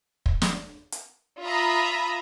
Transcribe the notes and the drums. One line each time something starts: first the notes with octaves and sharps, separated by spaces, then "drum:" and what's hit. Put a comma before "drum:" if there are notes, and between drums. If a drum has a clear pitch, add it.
drum: kick
drum: snare
drum: hi-hat
F4 E5 A#5 B5 D#6